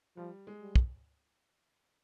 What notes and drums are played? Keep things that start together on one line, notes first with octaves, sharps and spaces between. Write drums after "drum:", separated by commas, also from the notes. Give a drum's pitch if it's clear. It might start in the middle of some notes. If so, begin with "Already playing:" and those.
F3 G3
G#3
G3
drum: kick